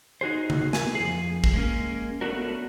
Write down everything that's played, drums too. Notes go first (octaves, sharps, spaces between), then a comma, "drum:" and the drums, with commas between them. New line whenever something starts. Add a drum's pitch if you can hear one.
D#4 F#4 G#4 C5
drum: tom C#3
G#5, drum: snare
F2 G#4
drum: kick
G#3 A#3 C#4
A3 B3 C#4 D4 F#4 A#4